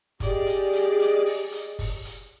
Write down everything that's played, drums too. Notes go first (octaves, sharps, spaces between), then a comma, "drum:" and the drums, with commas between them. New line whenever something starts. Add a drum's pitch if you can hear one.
G4 G#4 D5 D#5, drum: kick F#1, hi-hat
drum: hi-hat
drum: hi-hat
drum: hi-hat
drum: open hi-hat
drum: hi-hat
drum: kick F#1, open hi-hat
drum: hi-hat